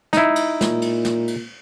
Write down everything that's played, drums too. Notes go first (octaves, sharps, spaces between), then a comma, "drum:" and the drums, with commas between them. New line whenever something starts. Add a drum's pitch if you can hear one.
D#4 E4, drum: snare
drum: cymbal
A#2, drum: snare
drum: cymbal
drum: snare
drum: cymbal